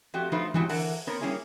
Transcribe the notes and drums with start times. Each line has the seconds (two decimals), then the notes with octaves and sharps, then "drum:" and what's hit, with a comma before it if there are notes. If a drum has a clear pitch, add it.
0.14 F2 A3 F#4 G4
0.32 F3 F#3 A3 D#4 F4 B4
0.54 E3 F#3 G#3 E4 F#4 G4, drum: tom
0.69 D3 E3 A#4 F#5 A5, drum: open hi-hat
1.07 B3 C4 A#4 C#5
1.20 G3 A#3 C#4 E4 G#4 C#5